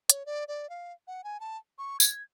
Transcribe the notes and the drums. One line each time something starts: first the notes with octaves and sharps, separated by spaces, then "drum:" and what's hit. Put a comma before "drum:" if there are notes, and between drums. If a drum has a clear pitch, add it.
C#5, drum: hi-hat
D5
D5
F5
F#5
G#5
A5
C#6
G#6, drum: tambourine